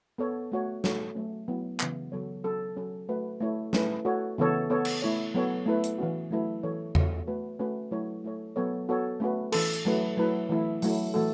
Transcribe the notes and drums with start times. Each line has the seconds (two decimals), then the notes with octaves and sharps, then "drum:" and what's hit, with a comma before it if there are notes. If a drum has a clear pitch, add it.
0.18 B3 A4 C#5
0.52 A3 F#4 C#5
0.84 A3 F#4 A4 C#5, drum: snare
1.15 F#3 A3 C#4
1.48 F#3 B3 E4
1.80 C#3 E3 B3, drum: clap
2.12 C#3 F#3 B3 A4 C#5
2.44 F#3 C#4 A4
2.76 F#3 C#4 A4
3.09 A3 F#4 B4
3.40 A3 E4 C#5
3.73 A3 C#4 E4 B4, drum: snare
4.05 A3 F#4 A4 C#5
4.38 C#3 E3 B3 A4 C#5
4.70 B3 A4 C#5
4.85 drum: cymbal
5.02 A3 E4 C#5
5.34 F#3 B3 A4 C#5
5.66 A3 E4 B4
5.84 drum: hi-hat
5.98 E3 C#4 F#4
6.31 F#3 A3 E4 B4
6.63 E3 C#4 A4 C#5
6.95 B3 F#4 A4 C#5, drum: tom E2
7.27 A3 F#4 B4
7.59 A3 C#4 F#4 B4
7.91 F#3 A3 E4 A4 C#5
8.24 A3 E4 A4 C#5
8.56 F#3 B3 A4 C#5
8.89 B3 F#4 A4 C#5
9.20 A3 C#4 F#4 B4
9.52 E3 C#4 A4, drum: cymbal
9.73 drum: hi-hat
9.85 F#3 A3 E4 B4
10.17 F#3 A3 E4 B4
10.49 E3 A3 E4
10.82 F#3 A3 E4, drum: open hi-hat
11.14 E3 A3 F#4 A4